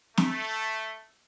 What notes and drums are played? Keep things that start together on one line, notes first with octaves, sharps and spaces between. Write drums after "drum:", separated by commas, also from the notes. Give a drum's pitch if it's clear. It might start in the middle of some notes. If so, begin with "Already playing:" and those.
A3, drum: snare